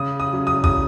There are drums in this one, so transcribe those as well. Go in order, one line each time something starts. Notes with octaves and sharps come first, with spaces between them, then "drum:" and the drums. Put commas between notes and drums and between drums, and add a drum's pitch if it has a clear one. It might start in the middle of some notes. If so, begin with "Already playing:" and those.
Already playing: C#3 D#6
D#6
F#3 C#4
D#6
D#6, drum: kick A#1